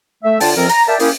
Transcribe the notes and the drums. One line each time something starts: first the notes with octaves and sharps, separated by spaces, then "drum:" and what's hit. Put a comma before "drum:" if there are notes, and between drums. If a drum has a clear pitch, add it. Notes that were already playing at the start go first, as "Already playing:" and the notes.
A3 E5
D3 F4 G5 A5, drum: open hi-hat
F2 F3 C4 A#4
A#5, drum: hi-hat
A#4 D5 E5 G5 A5
A#3 C#4 E4 G4 G#4 A#4, drum: open hi-hat